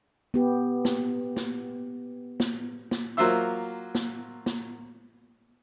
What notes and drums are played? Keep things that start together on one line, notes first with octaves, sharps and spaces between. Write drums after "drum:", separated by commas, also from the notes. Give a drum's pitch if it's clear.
B3 G4
drum: snare
drum: snare
drum: snare
drum: snare
F#3 A#3 F4 C5 E5 E6
drum: snare
drum: snare